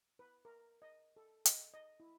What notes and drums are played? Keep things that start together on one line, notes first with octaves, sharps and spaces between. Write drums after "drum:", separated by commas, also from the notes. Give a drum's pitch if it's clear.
B4
A#4
D#5
A4
D#5, drum: hi-hat
D#5
E4